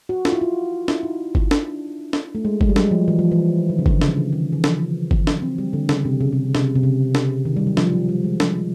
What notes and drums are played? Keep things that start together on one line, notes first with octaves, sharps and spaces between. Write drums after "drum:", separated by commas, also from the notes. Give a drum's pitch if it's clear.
F#4
F4, drum: snare
E4
F4
E4, drum: snare
D#4
drum: kick G1
D4, drum: snare
drum: snare
A3
G#3
G#3, drum: kick G1
G3
F#3, drum: snare
F3
E3
F3
E3
D#3
C#3
D3, drum: kick G1
C#3, drum: snare
C#3
D#3
E3
F3, drum: snare
drum: kick G1
F#3, drum: snare
C4
G3
D3
C#3, drum: snare
C3
C#3
C3
C3, drum: snare
C3
C#3
drum: snare
D#3
G3
F#3
F3, drum: snare
F#3
G3
G#3
F3, drum: snare